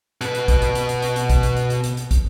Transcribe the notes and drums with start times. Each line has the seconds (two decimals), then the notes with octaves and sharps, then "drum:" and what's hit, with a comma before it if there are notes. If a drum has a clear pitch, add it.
0.21 B2 B4, drum: hi-hat
0.35 drum: hi-hat
0.48 drum: kick, hi-hat
0.62 drum: hi-hat
0.75 drum: hi-hat
0.89 drum: hi-hat
1.02 drum: hi-hat
1.16 drum: hi-hat
1.30 drum: kick, hi-hat
1.43 drum: hi-hat
1.57 drum: hi-hat
1.70 drum: hi-hat
1.84 drum: hi-hat
1.97 drum: hi-hat
2.11 drum: kick, hi-hat